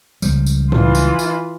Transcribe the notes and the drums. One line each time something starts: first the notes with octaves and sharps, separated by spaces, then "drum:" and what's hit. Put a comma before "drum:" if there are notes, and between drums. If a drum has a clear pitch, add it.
C#2 F3 G3, drum: tambourine
drum: tambourine
E3 F4, drum: tom G#2
drum: tambourine
drum: tambourine